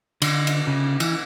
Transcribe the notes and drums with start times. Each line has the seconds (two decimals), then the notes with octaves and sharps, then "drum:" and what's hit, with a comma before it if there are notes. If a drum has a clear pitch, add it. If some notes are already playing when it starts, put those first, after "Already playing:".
0.22 D3, drum: cymbal
0.47 drum: cymbal
0.67 C#3
1.00 E3, drum: cymbal